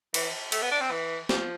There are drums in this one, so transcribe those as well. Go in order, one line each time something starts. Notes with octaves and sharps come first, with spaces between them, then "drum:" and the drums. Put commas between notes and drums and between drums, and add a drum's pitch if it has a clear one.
E3, drum: cymbal
A3, drum: cymbal
B3
D4
C4
E3
F3, drum: snare B3